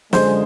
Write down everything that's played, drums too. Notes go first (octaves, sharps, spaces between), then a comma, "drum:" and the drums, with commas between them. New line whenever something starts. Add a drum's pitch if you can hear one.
F#2 D3 F3 G#3 C5, drum: snare